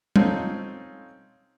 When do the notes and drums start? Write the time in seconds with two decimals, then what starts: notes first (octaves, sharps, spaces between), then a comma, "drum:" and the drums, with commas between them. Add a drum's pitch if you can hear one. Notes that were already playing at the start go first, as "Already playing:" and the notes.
0.16 C4 C#4 D#4 F4 A4, drum: tom G3